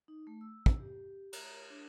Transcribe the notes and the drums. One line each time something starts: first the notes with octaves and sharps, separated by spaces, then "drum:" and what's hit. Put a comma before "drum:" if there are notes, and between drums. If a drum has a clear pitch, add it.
D#4
A3
E6
drum: kick
G4
A#5, drum: cymbal
D4